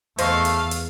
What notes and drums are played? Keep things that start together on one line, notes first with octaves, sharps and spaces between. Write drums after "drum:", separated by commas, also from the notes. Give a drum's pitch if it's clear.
E2 A3 C5 D#5 F5 C#6, drum: hi-hat
drum: hi-hat
drum: hi-hat